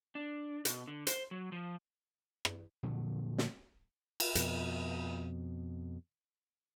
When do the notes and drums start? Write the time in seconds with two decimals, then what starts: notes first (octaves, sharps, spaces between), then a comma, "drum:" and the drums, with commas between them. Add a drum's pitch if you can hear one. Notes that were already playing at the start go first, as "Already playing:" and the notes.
0.15 D4
0.65 B2, drum: hi-hat
0.87 D3
1.07 C5, drum: hi-hat
1.31 F#3
1.52 F3
2.45 drum: rim click
2.83 A#2 D3 F3 F#3
3.38 drum: snare
4.20 drum: cymbal
4.35 F2 B2, drum: hi-hat